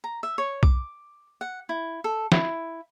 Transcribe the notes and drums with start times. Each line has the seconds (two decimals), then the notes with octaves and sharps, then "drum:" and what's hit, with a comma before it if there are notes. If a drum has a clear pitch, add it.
0.04 A#5
0.23 E5
0.38 C#5
0.63 D6, drum: kick B1
1.41 F#5
1.69 E4
2.04 A4
2.32 E4, drum: snare